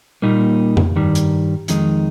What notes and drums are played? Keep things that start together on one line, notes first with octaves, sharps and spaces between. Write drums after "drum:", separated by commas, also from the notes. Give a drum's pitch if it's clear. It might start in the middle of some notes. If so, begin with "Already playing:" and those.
A#2 G3 A#3 D#4
drum: tom F2
G2 D#3 G3
drum: hi-hat
F2 D#3 G#3 D#4, drum: hi-hat